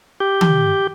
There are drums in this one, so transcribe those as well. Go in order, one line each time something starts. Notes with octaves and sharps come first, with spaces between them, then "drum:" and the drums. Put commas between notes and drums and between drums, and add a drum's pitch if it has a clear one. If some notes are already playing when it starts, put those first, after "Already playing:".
G4
drum: tom D#3